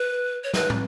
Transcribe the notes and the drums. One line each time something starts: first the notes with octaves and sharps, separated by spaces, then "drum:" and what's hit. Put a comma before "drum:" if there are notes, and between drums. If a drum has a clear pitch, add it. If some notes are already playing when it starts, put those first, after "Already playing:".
Already playing: B4
C#5
B4, drum: snare
drum: tom